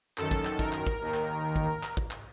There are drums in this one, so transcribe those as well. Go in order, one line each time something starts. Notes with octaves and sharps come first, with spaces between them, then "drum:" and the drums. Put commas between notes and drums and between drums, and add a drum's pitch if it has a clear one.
F#2 D#3 A4, drum: clap
drum: kick
drum: clap
A#4, drum: kick
drum: clap
drum: kick
D#2 D#3
drum: clap
drum: kick
drum: clap
drum: kick
drum: clap